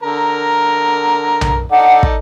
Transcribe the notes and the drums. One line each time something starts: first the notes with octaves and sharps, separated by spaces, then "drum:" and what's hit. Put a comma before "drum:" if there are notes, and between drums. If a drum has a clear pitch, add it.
D3 A#4 A#5
drum: tom B1
D#4 A4 D5 F#5
drum: kick